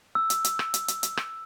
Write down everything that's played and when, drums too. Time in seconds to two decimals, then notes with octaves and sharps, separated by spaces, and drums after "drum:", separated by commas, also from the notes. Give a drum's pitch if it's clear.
0.15 E6
0.30 drum: hi-hat
0.45 drum: hi-hat
0.59 drum: rim click
0.74 drum: hi-hat
0.88 drum: hi-hat
1.03 drum: hi-hat
1.17 drum: rim click